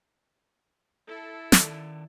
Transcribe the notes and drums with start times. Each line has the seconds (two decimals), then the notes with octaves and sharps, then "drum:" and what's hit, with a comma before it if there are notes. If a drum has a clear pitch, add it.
1.07 E4 A4
1.52 D#3 D5, drum: snare